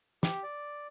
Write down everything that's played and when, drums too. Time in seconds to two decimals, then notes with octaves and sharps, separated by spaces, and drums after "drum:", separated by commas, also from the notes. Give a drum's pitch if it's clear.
0.23 G4, drum: snare
0.43 D5